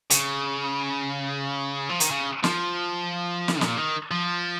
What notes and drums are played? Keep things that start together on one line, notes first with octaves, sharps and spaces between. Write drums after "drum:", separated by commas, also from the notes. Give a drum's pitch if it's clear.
C#3, drum: hi-hat
F3
D#3, drum: hi-hat
C#3
F3, drum: snare
drum: snare
A#2, drum: snare
D#3
F3